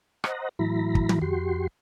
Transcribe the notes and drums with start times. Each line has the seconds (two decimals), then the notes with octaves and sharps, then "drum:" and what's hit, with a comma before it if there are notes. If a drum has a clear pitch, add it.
0.24 C5 D#5 F#5 A#5, drum: rim click
0.59 A2 E3 F#3 E4 A#5 B5
0.95 drum: kick
1.09 drum: tom
1.21 F2 F#4 G4 C6